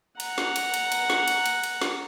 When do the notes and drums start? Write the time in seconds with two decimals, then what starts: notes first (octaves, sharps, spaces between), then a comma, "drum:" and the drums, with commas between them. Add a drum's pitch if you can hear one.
0.20 F#5 A#5, drum: cymbal
0.38 drum: snare
0.56 drum: cymbal
0.74 drum: cymbal
0.92 drum: cymbal
1.10 drum: snare
1.28 drum: cymbal
1.46 drum: cymbal
1.64 drum: cymbal
1.81 drum: snare